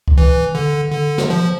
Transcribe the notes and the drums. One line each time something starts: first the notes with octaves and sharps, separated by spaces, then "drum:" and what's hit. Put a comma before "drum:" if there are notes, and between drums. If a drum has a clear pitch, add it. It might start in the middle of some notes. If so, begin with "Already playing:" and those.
drum: kick C#2
E3
D3
D3
drum: snare
F3